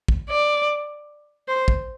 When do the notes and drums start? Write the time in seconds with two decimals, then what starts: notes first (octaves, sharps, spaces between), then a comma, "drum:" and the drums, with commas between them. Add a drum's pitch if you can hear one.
0.08 drum: kick
0.29 D5
1.48 C5
1.68 drum: kick